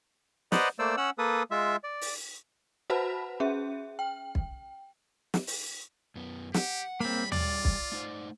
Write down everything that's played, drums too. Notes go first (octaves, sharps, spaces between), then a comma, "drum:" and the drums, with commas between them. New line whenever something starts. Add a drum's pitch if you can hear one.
B4 C5 D5 D#5 F#5 A#5, drum: snare
A3 A#3 C5 D5 E6
C#4 F#5 E6
A#3 A4 B4 D#6
G#3 F4 E5
D5
drum: open hi-hat
F#4 B4 C5 F#5 A5 B5
C#4 G#4 E5
G5
drum: kick
drum: snare
drum: open hi-hat
F#2 B3
G4 F#5, drum: snare
G3 A#3 C4 G#4 C#5 B5
F4 D5, drum: tom D#2
drum: kick
A3 D#4 C5